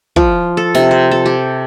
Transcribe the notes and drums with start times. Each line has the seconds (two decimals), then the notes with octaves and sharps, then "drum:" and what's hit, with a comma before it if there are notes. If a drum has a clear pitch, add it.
0.16 F3, drum: kick
0.57 A4
0.75 C3, drum: snare
0.91 C5
1.11 A4
1.26 G4